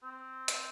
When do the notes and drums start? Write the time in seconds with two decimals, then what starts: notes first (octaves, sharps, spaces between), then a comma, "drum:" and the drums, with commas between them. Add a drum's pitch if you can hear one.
0.03 C4
0.48 drum: hi-hat